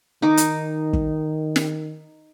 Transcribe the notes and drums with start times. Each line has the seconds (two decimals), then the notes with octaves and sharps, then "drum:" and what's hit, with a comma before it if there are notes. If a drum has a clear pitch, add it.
0.22 D#3 D#4 D6
0.37 drum: hi-hat
0.93 drum: kick
1.56 drum: snare